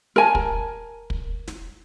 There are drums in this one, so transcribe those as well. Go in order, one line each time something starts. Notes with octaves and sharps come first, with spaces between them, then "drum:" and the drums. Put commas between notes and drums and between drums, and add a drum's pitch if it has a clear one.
A#4 G#5 A5
drum: kick
drum: kick
drum: snare